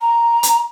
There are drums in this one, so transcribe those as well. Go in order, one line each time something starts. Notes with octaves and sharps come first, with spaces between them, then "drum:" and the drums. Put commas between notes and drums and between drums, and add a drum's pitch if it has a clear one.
A#5
drum: hi-hat